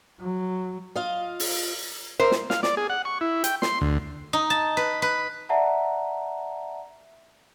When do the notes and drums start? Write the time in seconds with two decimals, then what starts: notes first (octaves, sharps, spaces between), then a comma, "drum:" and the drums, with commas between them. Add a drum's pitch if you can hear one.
0.20 F#3
0.96 F4 D#5 F5
1.40 drum: open hi-hat
2.20 A#4 C5 E5
2.31 drum: snare
2.50 F5, drum: snare
2.63 D5, drum: snare
2.77 G#4
2.90 F#5
3.05 C#6
3.21 E4
3.44 G5, drum: hi-hat
3.62 C6, drum: snare
3.81 D2
4.33 D#4
4.50 A5
4.77 B4
5.02 B4
5.49 D5 E5 F#5 A5 A#5